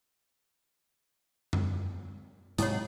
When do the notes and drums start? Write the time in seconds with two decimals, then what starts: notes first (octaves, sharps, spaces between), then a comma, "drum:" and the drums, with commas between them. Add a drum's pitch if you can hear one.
1.53 drum: tom F#2
2.58 G#2 C3 F#3 E4 C#5, drum: hi-hat